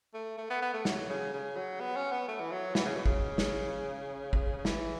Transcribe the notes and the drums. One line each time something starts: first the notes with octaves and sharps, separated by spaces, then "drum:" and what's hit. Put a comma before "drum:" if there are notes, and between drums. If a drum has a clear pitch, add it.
A3
A3
B3
B3
A3
F#3, drum: snare
C#3
C#3
F#3
B3
C#4
B3
A3
E3
F#3
E3, drum: snare
C#3
B2
C#3, drum: kick
drum: snare
drum: kick
C#3
E3, drum: snare